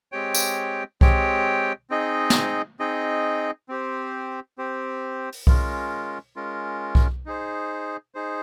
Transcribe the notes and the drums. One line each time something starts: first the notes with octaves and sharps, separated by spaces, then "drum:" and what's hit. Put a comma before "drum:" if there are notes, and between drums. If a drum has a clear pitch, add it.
G#3 C4 G4 C#5 G5
drum: tambourine
G#3 C4 G4 C#5 G5, drum: kick B1
C4 D#4 G#4 D#5
drum: snare
C4 D#4 G#4 D#5
C4 G4 C5
C4 G4 C5
drum: open hi-hat
G#3 C#4 F4 A#4, drum: kick B1
G#3 C#4 F4 A#4
drum: kick B1
D#4 G#4 C5
D#4 G#4 C5